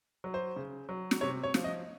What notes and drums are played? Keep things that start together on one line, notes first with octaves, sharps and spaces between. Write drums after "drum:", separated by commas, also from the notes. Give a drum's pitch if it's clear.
F#3
C5
C#3
F#3
drum: snare
C3 C#5
C#5
F3, drum: snare
D#5